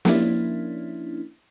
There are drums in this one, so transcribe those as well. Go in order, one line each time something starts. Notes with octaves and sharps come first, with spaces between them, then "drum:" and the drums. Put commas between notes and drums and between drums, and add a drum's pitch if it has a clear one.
F3 A#3 C#4 D4 E4, drum: snare